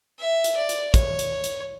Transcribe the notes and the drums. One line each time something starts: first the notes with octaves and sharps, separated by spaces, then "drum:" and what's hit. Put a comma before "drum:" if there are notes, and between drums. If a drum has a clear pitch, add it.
E5
drum: hi-hat
D5
drum: hi-hat
C#5, drum: kick, hi-hat
drum: hi-hat
drum: hi-hat